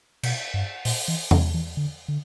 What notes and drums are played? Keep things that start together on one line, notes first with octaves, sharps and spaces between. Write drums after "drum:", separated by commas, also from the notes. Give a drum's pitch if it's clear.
B2, drum: cymbal
G2
A#2, drum: open hi-hat
E3
E3, drum: tom E2
E3
D3
D3